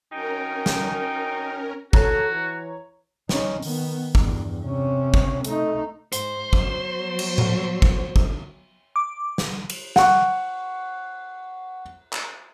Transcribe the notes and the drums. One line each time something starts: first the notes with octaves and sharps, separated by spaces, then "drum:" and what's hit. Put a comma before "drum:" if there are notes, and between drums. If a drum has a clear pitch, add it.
F#2 C#4 D#4 A#4 G5
drum: snare
F#4 A4 C#5 A#5, drum: kick
E3
C#4 D#4, drum: snare
D#3 B3, drum: open hi-hat
E2 G2, drum: kick
C3 C#4
drum: kick
A3 D#4, drum: hi-hat
G#2 C5, drum: hi-hat
F#3 B3, drum: kick
drum: cymbal
drum: tom A2
drum: kick
drum: kick
D6
drum: snare
drum: cymbal
F#5 C#6, drum: snare
drum: clap